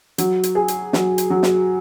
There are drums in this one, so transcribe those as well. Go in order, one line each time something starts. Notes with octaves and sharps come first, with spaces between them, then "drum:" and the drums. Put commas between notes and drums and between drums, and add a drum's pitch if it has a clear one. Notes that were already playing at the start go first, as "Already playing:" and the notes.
F#3, drum: hi-hat
drum: hi-hat
G#4
drum: hi-hat
F#3, drum: snare
drum: hi-hat
F#3
drum: snare